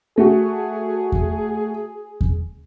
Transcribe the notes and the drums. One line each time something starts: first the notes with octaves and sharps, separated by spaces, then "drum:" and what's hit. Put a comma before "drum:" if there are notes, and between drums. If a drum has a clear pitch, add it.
A3 F#4 G#4
drum: kick E2
drum: kick E2